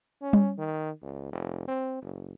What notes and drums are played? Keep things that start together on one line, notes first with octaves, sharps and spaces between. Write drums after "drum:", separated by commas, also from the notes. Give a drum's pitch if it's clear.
C#4
drum: tom G3
D#3
C#2
F1
C4
F#1